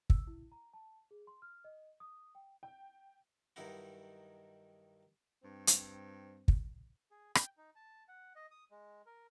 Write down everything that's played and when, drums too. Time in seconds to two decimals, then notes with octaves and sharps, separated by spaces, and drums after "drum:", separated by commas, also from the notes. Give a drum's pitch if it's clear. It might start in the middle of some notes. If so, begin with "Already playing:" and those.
0.10 E6, drum: kick
0.27 E4
0.52 A#5
0.73 A5
1.11 G#4
1.27 C6
1.42 F6
1.64 D#5
2.00 D#6
2.35 G5
2.63 G5
3.56 G2 D#3 F#3 D#4 E4 F#4
5.43 G2 C4
5.67 drum: hi-hat
6.48 drum: kick
7.11 G#4
7.35 G5, drum: rim click
7.57 D#4
7.75 A5
8.08 F#5
8.36 D#5
8.51 D#6
8.71 G#3
9.06 A#4